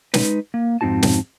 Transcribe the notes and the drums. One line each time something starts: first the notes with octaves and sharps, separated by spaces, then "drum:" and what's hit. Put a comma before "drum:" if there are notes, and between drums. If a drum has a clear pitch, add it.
G#3 D#4 B4, drum: snare
A#3
F2 G#2 C4 D#4 F#4 A5
drum: snare